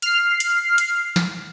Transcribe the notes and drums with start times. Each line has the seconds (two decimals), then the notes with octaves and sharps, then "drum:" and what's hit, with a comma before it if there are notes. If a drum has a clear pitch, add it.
0.02 F6 C7, drum: hi-hat
0.40 drum: hi-hat
0.78 drum: hi-hat
1.16 drum: snare